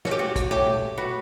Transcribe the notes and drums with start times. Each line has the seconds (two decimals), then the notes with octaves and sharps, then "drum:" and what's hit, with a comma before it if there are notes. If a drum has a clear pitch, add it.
0.05 C#4 F#4, drum: snare
0.11 G4
0.19 F#4
0.36 drum: kick, hi-hat
0.51 E4 G4 A4 C#5
0.67 drum: tom A#2
0.97 F#4 B4